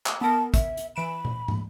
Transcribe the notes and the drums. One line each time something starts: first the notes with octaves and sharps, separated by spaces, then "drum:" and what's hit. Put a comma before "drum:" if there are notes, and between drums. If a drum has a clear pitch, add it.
drum: clap
B3 A#4 A5
E5, drum: kick, hi-hat
drum: hi-hat
E3 B5 D7 E7
drum: tom A#2
drum: tom